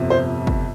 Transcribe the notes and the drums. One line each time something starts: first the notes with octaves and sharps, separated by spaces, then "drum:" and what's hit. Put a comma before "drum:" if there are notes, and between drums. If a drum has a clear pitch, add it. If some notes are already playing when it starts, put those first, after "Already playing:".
Already playing: G1 F2 C3
C5
drum: kick